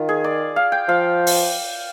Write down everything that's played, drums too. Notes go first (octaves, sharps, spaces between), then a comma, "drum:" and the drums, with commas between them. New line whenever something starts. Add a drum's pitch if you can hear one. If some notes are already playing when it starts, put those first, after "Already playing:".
Already playing: D#3 F4
G#4
D5
F5
G5
F3 F5
drum: open hi-hat